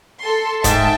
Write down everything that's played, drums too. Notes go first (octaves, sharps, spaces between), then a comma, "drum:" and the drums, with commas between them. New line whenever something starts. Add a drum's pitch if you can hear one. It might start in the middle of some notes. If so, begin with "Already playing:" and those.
A4 C6
G#2 E5 G5 A5, drum: kick, hi-hat